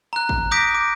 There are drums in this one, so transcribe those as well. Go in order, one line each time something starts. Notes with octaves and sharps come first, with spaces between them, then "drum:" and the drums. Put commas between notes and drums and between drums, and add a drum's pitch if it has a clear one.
A#5 F#6
drum: kick
D6 D#6 G6 A#6 B6 D7
D6